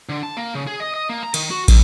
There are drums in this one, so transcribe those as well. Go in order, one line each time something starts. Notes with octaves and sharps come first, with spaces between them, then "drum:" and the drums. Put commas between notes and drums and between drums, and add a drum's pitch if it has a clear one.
D3
A5
A#3
C#3
G#4
D#5
D#5
A#3
A#5
D#3, drum: cymbal
F#4
C2, drum: kick, cymbal